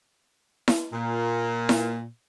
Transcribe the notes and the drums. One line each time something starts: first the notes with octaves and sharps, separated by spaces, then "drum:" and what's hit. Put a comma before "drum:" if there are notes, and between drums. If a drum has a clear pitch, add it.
drum: snare E4
A#2
drum: snare E4